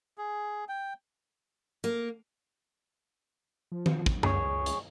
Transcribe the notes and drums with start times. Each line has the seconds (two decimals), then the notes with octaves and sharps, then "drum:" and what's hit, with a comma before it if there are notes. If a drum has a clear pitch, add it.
0.18 G#4
0.69 G5
1.84 A#3
3.72 F3
3.86 drum: tom D#3
4.06 drum: kick
4.23 C#2 G#4 C#5, drum: tom F#2
4.66 drum: hi-hat